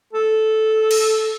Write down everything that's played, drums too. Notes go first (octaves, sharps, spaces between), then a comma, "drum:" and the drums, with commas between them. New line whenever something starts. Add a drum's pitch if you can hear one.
A4
drum: cymbal